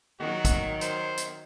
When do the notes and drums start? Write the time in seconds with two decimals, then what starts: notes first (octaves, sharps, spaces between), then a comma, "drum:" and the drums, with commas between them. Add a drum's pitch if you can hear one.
0.20 D#3 F#3 F#4
0.45 drum: kick, hi-hat
0.81 C5, drum: hi-hat
1.17 drum: hi-hat